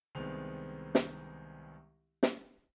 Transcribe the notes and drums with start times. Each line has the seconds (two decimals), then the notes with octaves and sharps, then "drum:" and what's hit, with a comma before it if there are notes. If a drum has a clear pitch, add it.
0.15 C2 D#3 G#3 B3 C4 F7
0.95 drum: snare
2.23 drum: snare